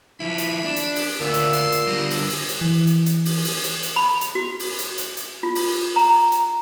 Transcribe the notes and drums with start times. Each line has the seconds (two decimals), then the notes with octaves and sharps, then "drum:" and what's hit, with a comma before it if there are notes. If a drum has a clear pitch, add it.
0.20 F3 E4 B5
0.38 drum: hi-hat
0.65 D4
0.76 drum: hi-hat
0.96 drum: open hi-hat
1.21 D2 A#2 B3 E6
1.34 drum: hi-hat
1.53 C6, drum: hi-hat
1.72 drum: hi-hat
1.87 D3 G3 D#5
2.10 drum: open hi-hat
2.30 drum: open hi-hat
2.49 drum: hi-hat
2.61 E3
2.87 drum: hi-hat
3.06 drum: hi-hat
3.25 drum: open hi-hat
3.44 drum: open hi-hat
3.64 drum: hi-hat
3.83 drum: hi-hat
3.96 B5
4.21 drum: hi-hat
4.35 F#4
4.59 drum: open hi-hat
4.79 drum: hi-hat
4.98 drum: hi-hat
5.17 drum: hi-hat
5.43 F4
5.55 drum: open hi-hat
5.96 A#5
6.32 drum: hi-hat